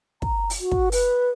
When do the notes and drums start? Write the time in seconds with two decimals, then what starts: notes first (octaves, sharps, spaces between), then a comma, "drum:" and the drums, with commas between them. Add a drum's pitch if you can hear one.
0.22 A#5, drum: kick
0.50 drum: open hi-hat
0.60 F#4
0.71 drum: kick
0.92 B4, drum: open hi-hat